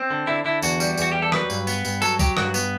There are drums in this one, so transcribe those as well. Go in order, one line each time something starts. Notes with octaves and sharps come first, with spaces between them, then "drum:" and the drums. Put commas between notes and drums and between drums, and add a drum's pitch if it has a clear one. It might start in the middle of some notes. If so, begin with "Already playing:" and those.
Already playing: C4
D3
D3 E4
D3 E4
E2 F#4, drum: tambourine
G3, drum: tambourine
E2 F#4, drum: tambourine
G3 G4
A4
F#3 B4, drum: rim click
G2, drum: tambourine
B3, drum: tambourine
G2, drum: tambourine
F#3 A4, drum: tambourine
F#3 G4, drum: kick B1, tambourine
G2 F#4, drum: rim click
B3, drum: tambourine